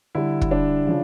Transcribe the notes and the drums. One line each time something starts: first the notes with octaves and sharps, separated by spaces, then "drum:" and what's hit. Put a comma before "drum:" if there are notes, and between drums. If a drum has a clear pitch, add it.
D3 G3 E4
drum: kick
D4
C#3 F3